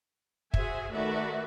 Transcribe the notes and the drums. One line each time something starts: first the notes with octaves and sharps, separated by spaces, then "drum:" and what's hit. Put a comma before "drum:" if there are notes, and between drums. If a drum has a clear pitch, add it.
F#4 G#4 C5 E5 G#5, drum: kick
D#3 A3 F#4 B4 D5 E5